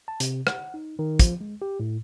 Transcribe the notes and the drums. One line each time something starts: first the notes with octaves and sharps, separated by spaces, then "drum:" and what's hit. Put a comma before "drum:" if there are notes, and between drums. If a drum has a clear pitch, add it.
A5
C3, drum: hi-hat
F#5, drum: rim click
D#4
D#3
F3, drum: kick, hi-hat
G#3
G4
A2